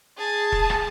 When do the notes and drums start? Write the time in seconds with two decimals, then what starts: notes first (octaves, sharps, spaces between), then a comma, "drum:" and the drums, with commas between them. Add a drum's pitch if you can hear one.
0.18 G#4 A5
0.52 drum: kick E1
0.70 drum: rim click